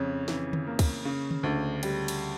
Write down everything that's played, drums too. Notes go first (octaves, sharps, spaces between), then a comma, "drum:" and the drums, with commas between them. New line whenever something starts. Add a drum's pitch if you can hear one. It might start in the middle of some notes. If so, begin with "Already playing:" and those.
Already playing: F2 C#3 C#5
E3, drum: snare
drum: tom D3
A#3
drum: kick, cymbal
C#3
drum: tom D3
D2
G3, drum: cymbal
drum: cymbal